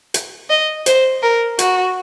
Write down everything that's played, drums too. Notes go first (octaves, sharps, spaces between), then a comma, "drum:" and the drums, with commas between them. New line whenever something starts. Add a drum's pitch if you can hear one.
drum: hi-hat
D#5
C5, drum: hi-hat
A#4
F#4, drum: hi-hat